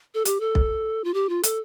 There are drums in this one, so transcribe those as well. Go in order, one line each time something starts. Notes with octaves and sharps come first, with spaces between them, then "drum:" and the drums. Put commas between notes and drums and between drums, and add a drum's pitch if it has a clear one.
A4
G4, drum: hi-hat
A4
drum: kick B1
F4
G4
F4
A4, drum: hi-hat